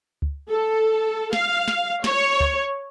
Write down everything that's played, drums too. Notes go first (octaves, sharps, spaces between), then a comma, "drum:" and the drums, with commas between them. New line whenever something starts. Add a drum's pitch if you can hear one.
drum: kick C#2
A4
F5, drum: snare
drum: snare
C#5, drum: snare
drum: kick C#2